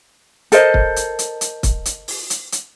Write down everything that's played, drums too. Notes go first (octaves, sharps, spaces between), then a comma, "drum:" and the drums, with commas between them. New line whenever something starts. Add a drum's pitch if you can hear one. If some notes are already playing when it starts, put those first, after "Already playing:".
A4 A#4 C5 D#5, drum: hi-hat
drum: kick
drum: hi-hat
drum: hi-hat
drum: hi-hat
drum: kick, hi-hat
drum: hi-hat
drum: open hi-hat
drum: hi-hat
drum: hi-hat